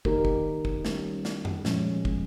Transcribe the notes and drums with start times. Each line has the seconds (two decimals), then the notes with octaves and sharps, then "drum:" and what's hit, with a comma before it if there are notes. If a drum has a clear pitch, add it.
0.05 D#3 A#3 D#4 G4 A#4, drum: kick
0.25 drum: kick
0.65 drum: kick
0.85 D#3 G3 C#4 G4, drum: snare
1.25 drum: snare
1.45 drum: tom F#2
1.65 A#2 F3 G#3 C#4, drum: snare
2.05 drum: kick